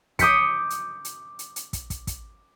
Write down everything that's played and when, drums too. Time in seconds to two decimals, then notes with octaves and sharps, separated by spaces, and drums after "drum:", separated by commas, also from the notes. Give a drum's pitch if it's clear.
0.19 D6 D#6 G6 B6 C#7, drum: kick, hi-hat
0.70 drum: hi-hat
1.05 drum: hi-hat
1.39 drum: hi-hat
1.56 drum: hi-hat
1.73 drum: kick, hi-hat
1.90 drum: kick, hi-hat
2.07 drum: kick, hi-hat